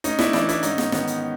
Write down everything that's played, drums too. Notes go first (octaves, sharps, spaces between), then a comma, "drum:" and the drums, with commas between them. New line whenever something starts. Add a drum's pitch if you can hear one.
A2 C#4 D#4, drum: hi-hat
D4 E4, drum: snare
E3 D4 E4, drum: snare
D4 E4, drum: hi-hat
G#2 C#4 D#4, drum: hi-hat
drum: snare
D#3 B3 C#4, drum: snare
drum: hi-hat